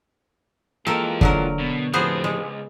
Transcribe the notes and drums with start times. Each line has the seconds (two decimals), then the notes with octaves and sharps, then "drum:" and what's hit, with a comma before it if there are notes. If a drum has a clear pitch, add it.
0.87 E3 G#3 A#3 F4 A4 A#4 G5
1.21 D3 F#3 A#4, drum: kick
1.60 B2
1.93 F2 A2 C3 F3 B3 C4 G#4 C5
2.24 C#2 G#3